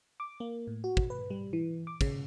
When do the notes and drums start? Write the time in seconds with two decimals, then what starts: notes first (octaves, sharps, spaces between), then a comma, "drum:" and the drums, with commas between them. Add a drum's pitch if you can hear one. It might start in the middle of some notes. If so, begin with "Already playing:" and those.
0.20 D6
0.40 A#3
0.67 A2
0.84 F#4
0.97 drum: kick
1.10 B4
1.30 G3
1.53 E3
1.87 D6
2.01 C#3, drum: kick, cymbal